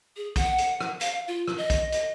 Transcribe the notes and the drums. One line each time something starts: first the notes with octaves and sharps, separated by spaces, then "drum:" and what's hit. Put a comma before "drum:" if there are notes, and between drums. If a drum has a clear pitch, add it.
G#4
F#5, drum: kick, hi-hat
drum: hi-hat
drum: rim click
F5, drum: hi-hat
F4
drum: rim click
D#5
drum: kick, hi-hat
drum: hi-hat